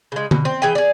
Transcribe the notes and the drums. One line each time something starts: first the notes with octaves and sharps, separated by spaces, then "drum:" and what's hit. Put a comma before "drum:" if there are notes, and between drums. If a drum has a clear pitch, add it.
C#3 G#3
B2, drum: tom D3
C4
E3 G#4 E5 G5
G#4 D5